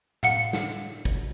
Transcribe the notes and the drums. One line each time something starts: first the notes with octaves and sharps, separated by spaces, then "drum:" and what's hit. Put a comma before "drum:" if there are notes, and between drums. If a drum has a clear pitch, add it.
F5 F#5 C#7, drum: tom A2
drum: snare
drum: kick